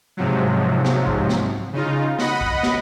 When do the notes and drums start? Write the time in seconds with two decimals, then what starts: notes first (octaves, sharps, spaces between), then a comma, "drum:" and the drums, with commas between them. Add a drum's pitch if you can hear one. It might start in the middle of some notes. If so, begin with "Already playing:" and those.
0.17 G#2 C3 F3 F#3
0.85 drum: snare
1.07 drum: kick
1.29 drum: snare
1.73 C#3 D#4 F4
2.19 D#5 F#5 B5, drum: snare
2.41 drum: kick
2.63 drum: snare